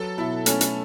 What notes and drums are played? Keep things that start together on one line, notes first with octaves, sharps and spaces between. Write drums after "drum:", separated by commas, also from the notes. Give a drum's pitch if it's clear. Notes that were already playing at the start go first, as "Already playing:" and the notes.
Already playing: F#3 A4 B4
B2 E4
A3 C#4, drum: hi-hat
drum: hi-hat